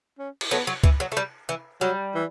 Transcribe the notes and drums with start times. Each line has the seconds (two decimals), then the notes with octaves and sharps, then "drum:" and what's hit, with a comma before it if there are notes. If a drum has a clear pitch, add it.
0.19 C#4
0.41 drum: cymbal
0.51 F#3 A3 B3
0.67 F#3
0.84 E3, drum: kick C#2
1.00 F#3
1.12 A3
1.17 G3
1.49 E3
1.81 F#3 G3
2.15 E3